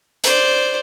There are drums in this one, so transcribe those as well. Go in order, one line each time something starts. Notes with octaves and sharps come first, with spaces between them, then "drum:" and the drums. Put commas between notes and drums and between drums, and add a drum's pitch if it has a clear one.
C5 D5, drum: hi-hat